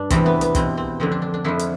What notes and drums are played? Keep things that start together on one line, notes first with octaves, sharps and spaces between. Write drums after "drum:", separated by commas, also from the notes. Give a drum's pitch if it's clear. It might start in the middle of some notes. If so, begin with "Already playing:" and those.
Already playing: G2 D4
E2 C3 E3 C4, drum: kick, hi-hat
B3
B3, drum: hi-hat
E2 B2 C4, drum: kick, hi-hat
C4
F2 D3 F3 C4
D4
D4
D4
F2 D3 F3 E4
drum: hi-hat